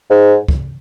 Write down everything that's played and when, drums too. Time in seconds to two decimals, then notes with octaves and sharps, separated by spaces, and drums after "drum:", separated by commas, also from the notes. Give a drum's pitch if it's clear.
0.10 G#2
0.48 drum: kick